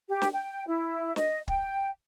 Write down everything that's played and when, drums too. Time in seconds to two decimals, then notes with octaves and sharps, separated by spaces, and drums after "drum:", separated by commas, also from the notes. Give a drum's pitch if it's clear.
0.09 G4
0.22 drum: snare
0.33 G5
0.67 E4
1.16 D#5, drum: snare
1.48 G5, drum: kick